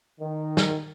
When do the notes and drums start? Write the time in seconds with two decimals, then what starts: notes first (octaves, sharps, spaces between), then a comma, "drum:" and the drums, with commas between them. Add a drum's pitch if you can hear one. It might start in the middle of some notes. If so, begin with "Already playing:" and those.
0.20 D#3
0.57 drum: snare